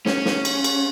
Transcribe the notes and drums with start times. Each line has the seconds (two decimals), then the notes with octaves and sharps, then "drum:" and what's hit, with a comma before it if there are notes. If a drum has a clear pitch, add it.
0.06 C#4, drum: snare
0.25 drum: snare
0.45 drum: cymbal
0.64 drum: cymbal